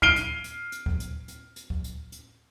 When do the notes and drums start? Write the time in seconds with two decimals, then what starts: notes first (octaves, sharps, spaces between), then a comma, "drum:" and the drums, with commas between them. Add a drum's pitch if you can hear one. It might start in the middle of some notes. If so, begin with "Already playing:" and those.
0.02 F6 C7 D7 D#7 G7, drum: kick D2
0.16 drum: hi-hat
0.44 drum: hi-hat
0.72 drum: hi-hat
0.86 drum: kick D2
1.00 drum: hi-hat
1.28 drum: hi-hat
1.56 drum: hi-hat
1.70 drum: kick D2
1.84 drum: hi-hat
2.12 drum: hi-hat